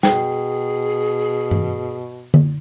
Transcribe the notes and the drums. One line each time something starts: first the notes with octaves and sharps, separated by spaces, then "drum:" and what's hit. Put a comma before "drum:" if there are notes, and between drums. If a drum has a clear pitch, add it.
B2 G#4 G5, drum: snare
drum: tom G2
drum: tom D3